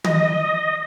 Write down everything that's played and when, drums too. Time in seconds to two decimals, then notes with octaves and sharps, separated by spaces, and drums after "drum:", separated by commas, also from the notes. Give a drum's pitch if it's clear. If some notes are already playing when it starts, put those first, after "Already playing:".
0.04 D#5, drum: tom